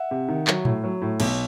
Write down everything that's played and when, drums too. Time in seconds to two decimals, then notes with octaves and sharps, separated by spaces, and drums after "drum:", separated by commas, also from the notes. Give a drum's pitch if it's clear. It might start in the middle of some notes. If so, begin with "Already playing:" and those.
Already playing: E5 F#5
0.11 C3
0.28 D#3
0.47 F#3, drum: clap
0.65 A2, drum: tom A#2
0.84 F#3
1.02 A2
1.20 B1, drum: cymbal